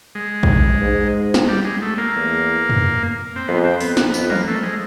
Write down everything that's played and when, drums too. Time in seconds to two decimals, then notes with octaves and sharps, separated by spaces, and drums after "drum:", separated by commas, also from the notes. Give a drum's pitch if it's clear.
0.15 G#3
0.43 drum: kick A#1
0.81 G#2
1.34 drum: snare
1.49 G3
1.65 G#3
1.82 A3
1.98 A#3
2.15 E2
2.69 drum: tom F2
3.36 C4
3.48 F2 B3
3.64 C4
3.81 B3, drum: open hi-hat
3.97 drum: snare
4.14 F2 B3, drum: tambourine
4.30 A#3, drum: tom E3
4.48 A3
4.63 G#3